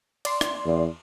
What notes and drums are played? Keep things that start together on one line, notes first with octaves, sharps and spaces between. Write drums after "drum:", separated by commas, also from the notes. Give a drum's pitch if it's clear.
D5 C6, drum: cymbal
drum: rim click
E2